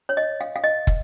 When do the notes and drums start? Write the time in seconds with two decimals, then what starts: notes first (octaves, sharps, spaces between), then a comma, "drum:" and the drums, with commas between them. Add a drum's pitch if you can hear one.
0.09 C#5
0.17 D#5
0.41 F5
0.56 F5
0.64 D#5
0.87 drum: kick